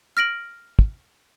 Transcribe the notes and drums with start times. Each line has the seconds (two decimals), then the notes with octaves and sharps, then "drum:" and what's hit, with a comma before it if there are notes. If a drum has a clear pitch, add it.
0.17 F6 A#6 D7 F#7
0.79 drum: kick